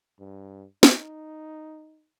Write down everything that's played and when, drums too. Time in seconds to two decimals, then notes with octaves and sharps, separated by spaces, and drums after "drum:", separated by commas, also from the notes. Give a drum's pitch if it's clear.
0.20 G2
0.83 D#4, drum: snare